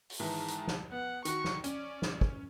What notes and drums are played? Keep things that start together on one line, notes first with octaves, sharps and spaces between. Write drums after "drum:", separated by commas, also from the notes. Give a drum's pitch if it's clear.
drum: open hi-hat
G#2 D#3 E3 A5
drum: hi-hat
drum: snare
B3 F#5
D#3 F#4 C#6, drum: hi-hat
drum: snare
C#4 D5, drum: hi-hat
drum: snare
drum: kick